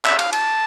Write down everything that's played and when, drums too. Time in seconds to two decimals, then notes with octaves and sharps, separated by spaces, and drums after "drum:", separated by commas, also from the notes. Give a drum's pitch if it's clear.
0.05 E5, drum: clap
0.19 F5, drum: cymbal
0.33 A5, drum: cymbal